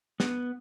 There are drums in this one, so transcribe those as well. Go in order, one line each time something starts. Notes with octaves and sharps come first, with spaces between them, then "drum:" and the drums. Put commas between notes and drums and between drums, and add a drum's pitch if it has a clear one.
B3, drum: snare